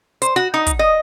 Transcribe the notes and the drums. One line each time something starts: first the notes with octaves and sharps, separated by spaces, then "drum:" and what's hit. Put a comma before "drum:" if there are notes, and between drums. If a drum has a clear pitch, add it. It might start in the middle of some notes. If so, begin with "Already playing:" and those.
C5, drum: hi-hat
F#4
D#4
drum: kick, hi-hat
D#5